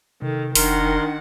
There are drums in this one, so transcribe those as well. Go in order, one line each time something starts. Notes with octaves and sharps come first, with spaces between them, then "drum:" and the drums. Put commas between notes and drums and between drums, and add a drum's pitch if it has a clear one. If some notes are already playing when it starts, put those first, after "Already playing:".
C3 D#3 A4
F1 D#3 D4 A#4 F#5 C6, drum: open hi-hat